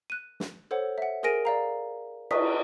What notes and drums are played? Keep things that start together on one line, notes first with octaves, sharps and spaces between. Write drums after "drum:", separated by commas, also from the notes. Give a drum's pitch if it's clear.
F#6 D#7
drum: snare
A4 C5 C#5 F#5
E5 F#5
G#4 A#4 G#5 A#6 D7 D#7
D5 F5 A#5
B4 D5 D#5 C#6 D#6 B6, drum: cymbal